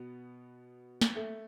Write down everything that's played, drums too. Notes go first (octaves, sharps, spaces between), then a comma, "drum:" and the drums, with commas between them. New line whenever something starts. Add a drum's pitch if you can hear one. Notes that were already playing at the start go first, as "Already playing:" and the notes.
Already playing: B2 B3
drum: snare
A3